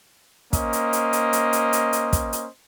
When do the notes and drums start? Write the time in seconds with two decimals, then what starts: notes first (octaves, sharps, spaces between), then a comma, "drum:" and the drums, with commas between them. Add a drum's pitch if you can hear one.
0.53 A#3 C#4 C5 D#5, drum: kick, hi-hat
0.73 drum: hi-hat
0.93 drum: hi-hat
1.13 drum: hi-hat
1.33 drum: hi-hat
1.53 drum: hi-hat
1.73 drum: hi-hat
1.93 drum: hi-hat
2.13 drum: kick, hi-hat
2.33 drum: hi-hat